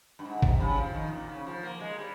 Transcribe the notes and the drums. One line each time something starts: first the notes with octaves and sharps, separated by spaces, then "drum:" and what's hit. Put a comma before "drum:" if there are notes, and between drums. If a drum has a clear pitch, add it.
G2
G#2
C3, drum: kick
C#3
F3
D#3
A#2
C#3
F3
A#3
G#3
G3